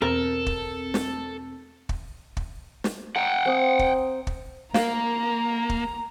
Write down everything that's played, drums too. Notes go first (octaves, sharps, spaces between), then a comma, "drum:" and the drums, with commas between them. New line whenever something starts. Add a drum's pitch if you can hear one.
E2 B2 C4 A4 A#4
drum: kick
drum: snare
drum: kick
drum: kick
drum: snare
F#5 G5 A#5
C4 D#6
drum: kick
drum: kick
A#3 A#4 F5 A#5, drum: snare
drum: kick